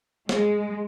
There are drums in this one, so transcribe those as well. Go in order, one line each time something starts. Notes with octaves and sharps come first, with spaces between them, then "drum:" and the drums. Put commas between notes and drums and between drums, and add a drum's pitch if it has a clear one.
G#3, drum: snare